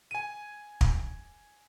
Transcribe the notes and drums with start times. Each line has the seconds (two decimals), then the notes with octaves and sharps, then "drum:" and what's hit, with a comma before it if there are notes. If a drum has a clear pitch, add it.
0.11 G#5 D#7
0.81 drum: kick